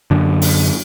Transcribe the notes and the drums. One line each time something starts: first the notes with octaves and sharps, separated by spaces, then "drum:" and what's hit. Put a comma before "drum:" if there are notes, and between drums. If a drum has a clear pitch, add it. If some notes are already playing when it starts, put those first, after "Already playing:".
F#2 D3
drum: open hi-hat